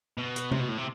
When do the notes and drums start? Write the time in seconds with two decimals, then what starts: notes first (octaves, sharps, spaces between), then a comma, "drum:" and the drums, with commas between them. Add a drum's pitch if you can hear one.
0.18 B2
0.36 drum: hi-hat
0.52 C3, drum: tom C3
0.60 B2
0.69 A2
0.78 C3